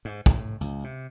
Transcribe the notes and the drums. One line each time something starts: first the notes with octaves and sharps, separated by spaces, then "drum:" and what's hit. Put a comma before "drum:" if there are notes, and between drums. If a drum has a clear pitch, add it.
G#2
A2, drum: kick
C#2
C3